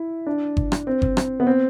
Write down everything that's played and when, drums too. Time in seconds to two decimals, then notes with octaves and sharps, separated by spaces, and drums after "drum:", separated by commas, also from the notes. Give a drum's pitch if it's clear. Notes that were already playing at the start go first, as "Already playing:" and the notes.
Already playing: E4
0.27 D4
0.57 drum: kick G1
0.72 drum: rim click
0.87 C4
1.02 drum: kick G1
1.17 drum: rim click
1.40 B3
1.47 C4